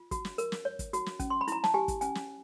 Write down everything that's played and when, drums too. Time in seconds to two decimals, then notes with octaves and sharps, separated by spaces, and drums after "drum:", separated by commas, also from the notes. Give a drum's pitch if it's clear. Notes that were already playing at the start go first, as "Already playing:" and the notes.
Already playing: F4
0.11 F#4, drum: kick, hi-hat
0.25 drum: snare
0.38 A#4, drum: hi-hat
0.52 drum: snare
0.65 C#5
0.79 drum: kick, hi-hat
0.93 F#4, drum: hi-hat
1.06 drum: snare
1.20 C#4, drum: kick, hi-hat
1.30 C6
1.41 B5
1.48 E4 A#5, drum: hi-hat
1.64 A5, drum: snare
1.74 G4 G#5
1.88 drum: kick, hi-hat
2.01 C#4 G#5, drum: hi-hat
2.15 drum: snare